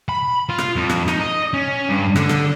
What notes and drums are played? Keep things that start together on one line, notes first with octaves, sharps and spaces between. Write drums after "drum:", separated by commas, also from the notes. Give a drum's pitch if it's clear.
B5
F4
drum: rim click
F2
drum: rim click
D#4, drum: rim click
D#5
C#4
G2
D3, drum: rim click
drum: rim click